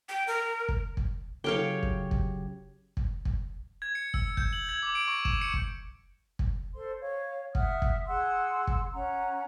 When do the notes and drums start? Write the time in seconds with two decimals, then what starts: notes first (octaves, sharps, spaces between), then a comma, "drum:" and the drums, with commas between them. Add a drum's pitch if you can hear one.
0.09 G5
0.27 A#4
0.69 drum: kick
0.97 drum: kick
1.44 C#3 F#3 E4 G4 A4 C#5 F5 G5
1.83 drum: kick
2.11 drum: kick
2.97 drum: kick
3.25 drum: kick
3.82 G#6
3.95 C#7
4.14 E6, drum: kick
4.37 G6, drum: kick
4.53 F#7
4.69 G#6
4.83 D6
4.95 D7
5.08 C#6
5.25 E7, drum: kick
5.41 C#7
5.54 drum: kick
6.39 drum: kick
6.74 A4 C5 C6
6.99 C#5 F5
7.55 E5 F#5 D#6 F6, drum: kick
7.82 drum: kick
8.06 G#4 F#5 C6 E6
8.67 drum: kick
8.92 C#4 F#5 A#5